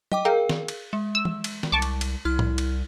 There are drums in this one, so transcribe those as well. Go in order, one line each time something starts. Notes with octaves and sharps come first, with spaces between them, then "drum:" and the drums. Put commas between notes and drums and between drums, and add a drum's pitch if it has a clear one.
D#5 G5 D6, drum: tom
G#4 A#4 F5 G5
drum: snare
drum: cymbal
G#3
E6
drum: tom
drum: cymbal
drum: snare
C2 A5 C#6 D6
drum: cymbal
drum: cymbal
C2 E4 F6
drum: tom
drum: cymbal